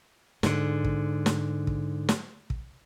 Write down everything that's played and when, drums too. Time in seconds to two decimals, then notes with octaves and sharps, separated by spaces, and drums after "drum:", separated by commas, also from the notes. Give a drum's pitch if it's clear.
0.43 G#2 D3, drum: snare
0.84 drum: kick
1.26 drum: snare
1.67 drum: kick
2.09 drum: snare
2.50 drum: kick